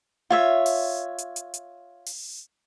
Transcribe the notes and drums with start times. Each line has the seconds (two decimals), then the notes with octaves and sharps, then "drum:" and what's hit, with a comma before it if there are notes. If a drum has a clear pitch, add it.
0.30 F4 C#5 E5
0.66 drum: open hi-hat
1.18 drum: hi-hat
1.36 drum: hi-hat
1.54 drum: hi-hat
2.06 drum: open hi-hat